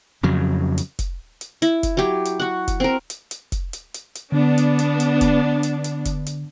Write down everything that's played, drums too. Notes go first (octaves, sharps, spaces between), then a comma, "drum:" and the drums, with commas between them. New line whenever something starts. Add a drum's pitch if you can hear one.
F2 C#3 F#3
drum: hi-hat
drum: kick F1, hi-hat
drum: hi-hat
E4, drum: hi-hat
drum: kick F1, hi-hat
F#3 G4
drum: hi-hat
F#4 F#5
drum: kick F1, hi-hat
C4 A#4
drum: hi-hat
drum: hi-hat
drum: kick F1, hi-hat
drum: hi-hat
drum: hi-hat
drum: hi-hat
D3 B3 D4
drum: hi-hat
drum: hi-hat
drum: hi-hat
drum: kick F1, hi-hat
drum: hi-hat
drum: hi-hat
drum: kick F1, hi-hat
drum: hi-hat